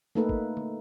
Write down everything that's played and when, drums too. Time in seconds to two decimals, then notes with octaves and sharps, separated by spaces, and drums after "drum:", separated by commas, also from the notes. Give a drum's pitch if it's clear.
0.15 A3 A#3 D#4 A4 B4
0.29 drum: kick
0.57 drum: tom D3